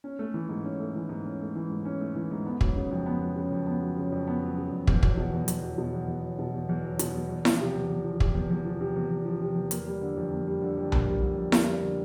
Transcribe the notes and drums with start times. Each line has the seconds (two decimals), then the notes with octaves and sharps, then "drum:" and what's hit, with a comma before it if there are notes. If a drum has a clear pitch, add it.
0.04 C#4
0.19 A3
0.34 E3
0.49 G#2
0.65 C#4
0.80 A3
0.95 E3
1.09 G#2
1.25 C#4
1.41 A3
1.55 E3
1.70 G#2
1.85 C#4
2.01 A3
2.15 E3
2.31 G#2
2.46 B3
2.61 F#3, drum: kick
2.76 C#3
2.91 F2
3.06 B3
3.21 F#3
3.36 C#3
3.51 F2
3.67 B3
3.82 F#3
3.97 C#3
4.12 F2
4.27 B3
4.42 F#3
4.57 C#3
4.72 F2
4.87 E2, drum: kick
5.03 F#3, drum: kick
5.17 B2
5.33 E2
5.48 E2, drum: hi-hat
5.64 F#3
5.78 B2
5.94 E2
6.08 E2
6.24 F#3
6.39 B2
6.54 E2
6.69 E2
6.84 F#3
6.99 B2, drum: hi-hat
7.14 E2
7.29 E2
7.45 F3, drum: snare E4
7.60 C3
7.75 E2
7.90 E2
8.05 F3
8.20 C3, drum: kick
8.35 E2
8.50 E2
8.65 F3
8.81 C3
8.96 E2
9.11 E2
9.25 F3
9.41 C3
9.56 E2
9.71 A#3, drum: hi-hat
9.86 G3
10.01 D3
10.17 F2
10.32 A#3
10.47 G3
10.62 D3
10.77 F2
10.92 A#3, drum: tom B1
11.07 G3
11.22 D3
11.37 F2
11.52 A#3, drum: snare E4
11.68 G3
11.82 D3